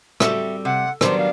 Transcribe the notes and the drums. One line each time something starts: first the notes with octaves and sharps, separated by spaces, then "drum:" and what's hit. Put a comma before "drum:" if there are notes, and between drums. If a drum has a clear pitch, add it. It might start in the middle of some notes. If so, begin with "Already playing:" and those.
G3 C4 F#4 A4 E5, drum: rim click
C3 F#5
D#3 F#3 G3 B3 D4 C5, drum: rim click
F5